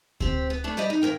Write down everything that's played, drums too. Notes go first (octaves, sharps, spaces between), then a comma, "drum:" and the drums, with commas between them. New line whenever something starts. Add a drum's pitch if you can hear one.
C4 G4, drum: kick D2
B3
A3 B3 D4 A4
G3 G4 D5 D#5
D#4
D#2 F#3 A#4 G5